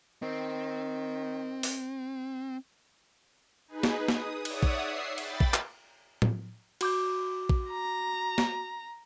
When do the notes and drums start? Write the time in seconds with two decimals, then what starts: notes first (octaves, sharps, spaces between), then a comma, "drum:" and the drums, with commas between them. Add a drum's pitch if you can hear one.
0.22 D#3 C4
1.63 drum: open hi-hat
3.68 D#4 G#4 B4
3.83 drum: snare
4.08 D#6, drum: snare
4.45 C#5 D5 E5 F#5 D#6, drum: cymbal
4.63 drum: kick
4.84 E5 C7
5.18 G5 B5 A6, drum: cymbal
5.40 drum: kick
5.54 drum: clap
6.22 drum: tom
6.81 F#4 D6 G6, drum: cymbal
7.49 drum: kick
7.71 A#5
8.38 drum: snare